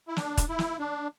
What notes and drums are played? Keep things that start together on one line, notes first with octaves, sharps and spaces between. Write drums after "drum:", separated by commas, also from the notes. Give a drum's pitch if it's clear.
E4
D4, drum: snare
drum: kick, hi-hat
E4
drum: snare
D4